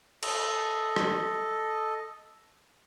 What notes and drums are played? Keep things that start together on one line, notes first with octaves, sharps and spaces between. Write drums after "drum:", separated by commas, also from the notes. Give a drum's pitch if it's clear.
A4 D#5, drum: cymbal
drum: rim click